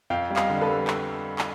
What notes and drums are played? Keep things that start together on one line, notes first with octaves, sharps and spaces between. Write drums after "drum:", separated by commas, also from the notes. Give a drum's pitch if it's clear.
F2 F5 G5
G3
D#5 F5, drum: clap
D3
A4 B4
G3
drum: clap
drum: clap